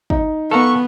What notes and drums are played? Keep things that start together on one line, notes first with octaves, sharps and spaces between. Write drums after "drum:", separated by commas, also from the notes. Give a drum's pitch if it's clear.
D#4, drum: kick
B3 A4 F5 A#5 C#6